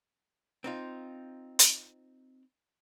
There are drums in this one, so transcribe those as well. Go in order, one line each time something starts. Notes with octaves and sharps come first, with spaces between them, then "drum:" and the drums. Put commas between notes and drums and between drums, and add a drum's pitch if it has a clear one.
C4 D#4 F4
drum: hi-hat